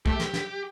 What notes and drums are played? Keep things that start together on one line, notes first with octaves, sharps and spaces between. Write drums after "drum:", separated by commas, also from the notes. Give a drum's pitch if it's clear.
A3 G4, drum: kick
drum: snare
drum: snare